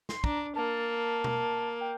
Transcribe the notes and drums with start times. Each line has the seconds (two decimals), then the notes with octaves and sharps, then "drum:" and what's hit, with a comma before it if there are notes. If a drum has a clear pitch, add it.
0.09 C6, drum: snare
0.24 D4 A#5, drum: kick
0.56 A#3 A5
1.24 drum: tom B2
1.81 G5